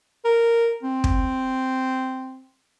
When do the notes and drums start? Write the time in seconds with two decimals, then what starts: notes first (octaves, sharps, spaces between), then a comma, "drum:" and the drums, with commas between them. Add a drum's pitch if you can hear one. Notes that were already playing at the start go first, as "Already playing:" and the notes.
0.25 A#4
0.83 C4
1.04 drum: kick